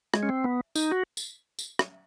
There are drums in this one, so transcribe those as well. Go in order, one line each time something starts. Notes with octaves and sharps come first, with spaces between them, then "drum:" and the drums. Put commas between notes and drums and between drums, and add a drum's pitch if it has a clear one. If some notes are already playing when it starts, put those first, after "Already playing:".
G#3, drum: rim click
C#4
C4
B3
D#4, drum: tambourine
F#4
drum: tambourine
drum: tambourine
drum: rim click